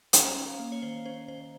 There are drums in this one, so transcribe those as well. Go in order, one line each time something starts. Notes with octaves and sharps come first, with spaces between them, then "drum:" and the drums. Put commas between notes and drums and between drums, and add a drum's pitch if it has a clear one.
C#4 A#5, drum: hi-hat
C#4
F5
A#3
C#5
D#3 C5
C#4 C5
D#3 C5